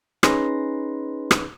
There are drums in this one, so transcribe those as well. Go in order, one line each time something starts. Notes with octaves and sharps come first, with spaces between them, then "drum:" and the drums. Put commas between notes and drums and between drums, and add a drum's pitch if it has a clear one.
C#4 D#4 G#4 B4 C6 A#6, drum: rim click
drum: rim click